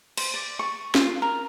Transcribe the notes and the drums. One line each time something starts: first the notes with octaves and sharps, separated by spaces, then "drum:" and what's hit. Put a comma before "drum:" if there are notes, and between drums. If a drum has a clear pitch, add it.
C5, drum: cymbal
D5
C#6
F4, drum: snare
A#4